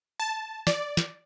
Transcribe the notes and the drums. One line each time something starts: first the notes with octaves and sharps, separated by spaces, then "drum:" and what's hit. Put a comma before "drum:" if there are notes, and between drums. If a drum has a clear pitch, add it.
A5
D5, drum: snare
drum: snare